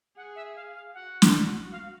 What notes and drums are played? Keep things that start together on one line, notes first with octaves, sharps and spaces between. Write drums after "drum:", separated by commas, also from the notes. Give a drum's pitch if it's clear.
G#4 F#5
E5
F5
F5
F#4 F#5
drum: snare
F5